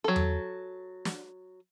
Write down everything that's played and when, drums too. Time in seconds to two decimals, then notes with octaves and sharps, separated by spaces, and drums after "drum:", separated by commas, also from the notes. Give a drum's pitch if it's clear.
0.04 F#3 A4
0.16 drum: tom E2
1.05 drum: snare